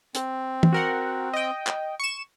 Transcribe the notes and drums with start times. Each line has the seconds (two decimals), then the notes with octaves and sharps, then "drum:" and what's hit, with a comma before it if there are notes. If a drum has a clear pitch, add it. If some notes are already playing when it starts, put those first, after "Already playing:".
0.15 C4, drum: hi-hat
0.63 drum: tom
0.72 F#4 A#4 F#5
1.33 D#5 G5
1.67 drum: clap
2.00 C#6 E7